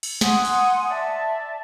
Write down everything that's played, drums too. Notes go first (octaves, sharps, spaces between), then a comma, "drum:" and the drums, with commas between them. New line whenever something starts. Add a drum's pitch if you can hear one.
drum: cymbal
F#5 G#5 C6 D#6, drum: snare
drum: open hi-hat
D5 E5 A5